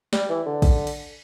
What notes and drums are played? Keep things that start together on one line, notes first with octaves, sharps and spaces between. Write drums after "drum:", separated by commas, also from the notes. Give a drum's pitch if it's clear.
G3, drum: snare
E3
D3
drum: kick, cymbal
drum: cymbal